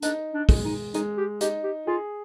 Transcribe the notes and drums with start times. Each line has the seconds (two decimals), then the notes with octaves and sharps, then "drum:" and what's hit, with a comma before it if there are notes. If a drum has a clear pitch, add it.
0.02 D4 D#4, drum: hi-hat
0.34 D4
0.49 G#3, drum: kick, open hi-hat
0.65 D#4
0.94 G#3 D#4, drum: hi-hat
1.17 G4
1.41 D#4 G4, drum: hi-hat
1.64 G4
1.87 F4 G#4